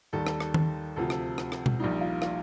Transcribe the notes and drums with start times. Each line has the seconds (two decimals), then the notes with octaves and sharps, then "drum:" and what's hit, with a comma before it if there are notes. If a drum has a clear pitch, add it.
0.13 D#2 D#3 G3 A4
0.27 drum: rim click
0.40 drum: rim click
0.54 drum: tom
0.96 D2 C3 F3 A4
1.10 drum: rim click
1.38 drum: rim click
1.52 drum: rim click
1.66 drum: tom B2
1.79 A#1 A#2 G3 D#4
2.01 F4
2.22 F4, drum: rim click